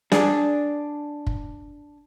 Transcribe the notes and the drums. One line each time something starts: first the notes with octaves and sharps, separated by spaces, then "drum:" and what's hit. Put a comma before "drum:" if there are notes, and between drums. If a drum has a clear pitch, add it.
D4 G#4, drum: snare
drum: kick